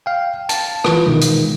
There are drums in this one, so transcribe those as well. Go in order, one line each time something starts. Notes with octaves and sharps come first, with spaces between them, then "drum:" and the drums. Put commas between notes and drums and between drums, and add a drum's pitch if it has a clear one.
F5 G5
A5, drum: hi-hat
E3 F4 B4, drum: rim click
B2 D#3 G#3
drum: hi-hat